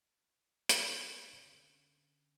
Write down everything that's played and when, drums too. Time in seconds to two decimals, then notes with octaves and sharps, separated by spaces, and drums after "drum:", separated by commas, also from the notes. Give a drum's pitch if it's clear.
0.69 drum: hi-hat
1.32 D3 C#4